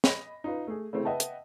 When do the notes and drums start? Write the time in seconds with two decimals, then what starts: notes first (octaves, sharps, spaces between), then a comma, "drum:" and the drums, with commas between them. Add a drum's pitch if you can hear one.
0.04 D#5 B5 A#6, drum: snare
0.44 D#4 F4 B4
0.67 A3 G#4
0.93 C#3 E3 A3 C4 C#4
1.05 B4 D#5 E5 F#5 G5 A5
1.20 drum: hi-hat